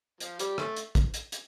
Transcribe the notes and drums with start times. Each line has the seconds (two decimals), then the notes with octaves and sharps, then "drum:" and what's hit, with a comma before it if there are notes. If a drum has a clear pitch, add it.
0.20 F3, drum: hi-hat
0.39 G3, drum: hi-hat
0.58 A3, drum: rim click
0.77 drum: hi-hat
0.95 drum: kick, hi-hat
1.14 drum: hi-hat
1.32 drum: hi-hat